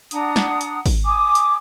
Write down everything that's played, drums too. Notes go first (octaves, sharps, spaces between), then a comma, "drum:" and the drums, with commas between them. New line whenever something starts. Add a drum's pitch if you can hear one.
D4 F#5 A#5 D#6, drum: hi-hat
drum: snare
drum: hi-hat
drum: kick G#1, open hi-hat
G#5 D6 D#6
drum: hi-hat